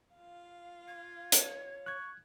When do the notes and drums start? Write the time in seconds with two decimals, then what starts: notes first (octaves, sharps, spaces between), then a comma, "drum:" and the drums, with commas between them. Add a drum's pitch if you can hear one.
0.15 F4 F5
0.88 G#6
1.32 C#5, drum: hi-hat
1.86 C#6 F#6 G#6